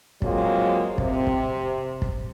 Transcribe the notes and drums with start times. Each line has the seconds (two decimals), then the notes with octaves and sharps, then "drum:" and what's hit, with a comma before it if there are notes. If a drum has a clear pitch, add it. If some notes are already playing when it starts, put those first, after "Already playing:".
0.22 D3 F#3 G#3 A#3 C4 F4, drum: kick
0.98 C3, drum: kick
1.27 drum: kick
2.02 drum: kick